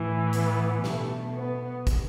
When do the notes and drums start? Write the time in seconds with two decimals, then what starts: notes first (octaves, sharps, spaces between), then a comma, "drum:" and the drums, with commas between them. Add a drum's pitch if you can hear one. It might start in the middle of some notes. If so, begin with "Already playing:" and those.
Already playing: A2 E3
0.33 B3, drum: hi-hat
0.84 B2 A3, drum: snare
1.36 B3
1.87 drum: kick, hi-hat